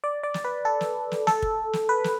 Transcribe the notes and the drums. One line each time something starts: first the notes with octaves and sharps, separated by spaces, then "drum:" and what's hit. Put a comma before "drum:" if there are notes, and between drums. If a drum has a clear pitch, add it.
D5
D5
drum: snare
B4
A4
drum: snare
drum: snare
A4, drum: snare
drum: kick
drum: snare
B4
drum: snare